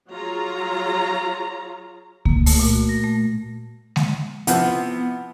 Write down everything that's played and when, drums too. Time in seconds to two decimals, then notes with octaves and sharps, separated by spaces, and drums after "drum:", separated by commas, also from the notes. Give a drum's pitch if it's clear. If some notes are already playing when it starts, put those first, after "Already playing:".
0.10 F#3 F4 G#4 C#5 A#5
2.25 A#3, drum: kick C#2
2.46 A3, drum: open hi-hat
2.59 A#2
2.73 F#4
2.89 A#6
3.04 A3
3.96 drum: snare G#3
4.47 C3 E3 F3 B3 F#5, drum: hi-hat